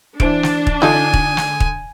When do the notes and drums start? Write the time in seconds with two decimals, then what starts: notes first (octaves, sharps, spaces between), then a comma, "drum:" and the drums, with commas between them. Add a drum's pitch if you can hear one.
0.20 E3 D4 C5 D7, drum: kick
0.43 drum: snare
0.67 drum: kick
0.82 D3 D#4 F4 A4 G#5 D#6 G6
1.14 drum: kick
1.37 drum: snare
1.60 drum: kick